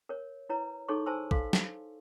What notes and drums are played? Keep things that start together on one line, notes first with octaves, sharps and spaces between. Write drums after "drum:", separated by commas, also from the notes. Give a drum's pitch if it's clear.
A#4 C#5
E4 B4 C#5 A#5
D#4 G#4 A4 C#5 C6 C#6
C5 G#5 A5 C6 E6
A4 F5 C6, drum: kick
drum: snare